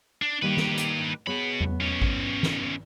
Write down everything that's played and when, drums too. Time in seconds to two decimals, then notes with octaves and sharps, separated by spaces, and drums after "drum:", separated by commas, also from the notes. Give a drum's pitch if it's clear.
0.22 D4
0.42 D#3 G3 A#3 G4 B4
0.57 drum: snare
0.78 drum: hi-hat
1.27 B2 B3 G#4 C#5 B5
1.60 drum: tom E2
1.81 B2 C#4
2.02 drum: kick A1
2.43 drum: snare